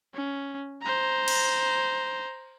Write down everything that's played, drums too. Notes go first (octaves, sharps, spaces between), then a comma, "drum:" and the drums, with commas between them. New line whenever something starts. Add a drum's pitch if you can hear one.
C#4
C5 A#5
drum: cymbal